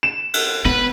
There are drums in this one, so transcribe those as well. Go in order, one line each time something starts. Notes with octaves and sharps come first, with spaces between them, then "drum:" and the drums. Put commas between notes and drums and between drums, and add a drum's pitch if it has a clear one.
E7
drum: cymbal
B3 B4